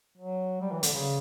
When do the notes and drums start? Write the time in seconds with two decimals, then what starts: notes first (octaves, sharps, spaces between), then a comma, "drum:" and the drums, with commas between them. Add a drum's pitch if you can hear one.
0.18 F#3
0.61 G3
0.72 E3
0.83 D3, drum: hi-hat
0.93 C#3